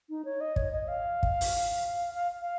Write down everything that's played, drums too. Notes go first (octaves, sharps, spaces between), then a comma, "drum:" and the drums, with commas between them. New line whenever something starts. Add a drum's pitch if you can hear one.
D#4
C#5
D#5
C#5, drum: kick
D#5
F5
drum: kick
drum: open hi-hat
F5
F5